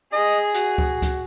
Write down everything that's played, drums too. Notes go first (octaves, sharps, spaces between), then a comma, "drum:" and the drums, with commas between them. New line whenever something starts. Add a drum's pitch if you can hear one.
G#4 D#5
F#4, drum: hi-hat
drum: kick C#2
drum: kick C#2, hi-hat